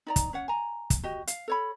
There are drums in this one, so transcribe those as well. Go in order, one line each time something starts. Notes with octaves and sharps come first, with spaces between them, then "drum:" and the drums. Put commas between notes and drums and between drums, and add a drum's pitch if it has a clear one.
D#4 D5 A#5
drum: kick, hi-hat
C#4 C#5 F#5
G#5 A#5
drum: kick, hi-hat
F#4 G4 D#5
F5, drum: hi-hat
A4 C#5 B5